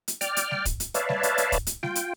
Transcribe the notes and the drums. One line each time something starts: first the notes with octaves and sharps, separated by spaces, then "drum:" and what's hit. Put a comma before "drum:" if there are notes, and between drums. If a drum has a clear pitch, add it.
drum: hi-hat
D5 G5 F6, drum: hi-hat
drum: hi-hat
drum: snare G3
drum: kick, hi-hat
drum: hi-hat
B4 C#5 D5 E5 F5 A5, drum: hi-hat
drum: snare G3
drum: hi-hat
drum: hi-hat
drum: kick, hi-hat
drum: hi-hat
F4 G5, drum: snare G3
drum: hi-hat